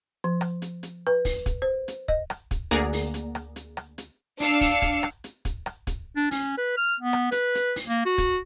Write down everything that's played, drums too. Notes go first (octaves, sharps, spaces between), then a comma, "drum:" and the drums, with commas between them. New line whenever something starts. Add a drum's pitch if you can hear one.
F3
drum: rim click
drum: hi-hat
drum: hi-hat
B4
drum: kick, open hi-hat
drum: kick, hi-hat
C5
drum: hi-hat
D#5, drum: kick
drum: rim click
drum: kick, hi-hat
D2 A#3 G#4 D5 F#5 A#5, drum: hi-hat
drum: open hi-hat
drum: hi-hat
drum: rim click
drum: hi-hat
drum: rim click
drum: hi-hat
D4 F5 E6 C7 C#7, drum: open hi-hat
drum: kick, open hi-hat
drum: kick, hi-hat
drum: rim click
drum: hi-hat
drum: kick, hi-hat
drum: rim click
drum: kick, hi-hat
D4
C#4, drum: open hi-hat
B4
F6
B3
drum: rim click
B4, drum: hi-hat
drum: hi-hat
drum: open hi-hat
A#3
F#4
drum: kick, hi-hat